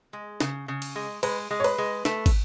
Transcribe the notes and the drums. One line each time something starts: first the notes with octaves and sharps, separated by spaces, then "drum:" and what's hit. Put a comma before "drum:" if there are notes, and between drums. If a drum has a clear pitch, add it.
G#3
C#3, drum: snare
C#3
drum: cymbal
G#3
G#3 B4, drum: cymbal
G#3
C#5
B4, drum: cymbal
G#3
A3, drum: snare
drum: kick, cymbal